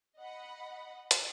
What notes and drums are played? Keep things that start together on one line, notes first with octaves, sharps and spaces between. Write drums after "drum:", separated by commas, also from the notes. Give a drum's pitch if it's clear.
D#5 F#5 B5
drum: hi-hat